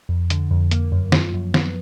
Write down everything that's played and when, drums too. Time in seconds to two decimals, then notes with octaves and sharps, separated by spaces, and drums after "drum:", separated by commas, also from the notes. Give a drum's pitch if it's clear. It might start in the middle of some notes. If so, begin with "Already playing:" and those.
0.09 F2
0.30 D3, drum: hi-hat
0.51 F2
0.71 A#3, drum: hi-hat
0.92 F#2
1.12 F3, drum: snare
1.34 F#2
1.54 B3, drum: snare